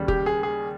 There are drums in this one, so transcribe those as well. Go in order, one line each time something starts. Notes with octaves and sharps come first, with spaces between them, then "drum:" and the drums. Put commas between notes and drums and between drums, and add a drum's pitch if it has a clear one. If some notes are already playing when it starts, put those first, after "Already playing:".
Already playing: D#2 C#3 G3
G4, drum: kick F1
G#4
G#4